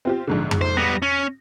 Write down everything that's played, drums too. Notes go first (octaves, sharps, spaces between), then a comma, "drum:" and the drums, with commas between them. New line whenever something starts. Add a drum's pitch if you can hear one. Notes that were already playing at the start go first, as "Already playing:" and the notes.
C4 F4 G4
A#1 G#2 D3
drum: tom F2
C5
G3 B3 A#6
C#4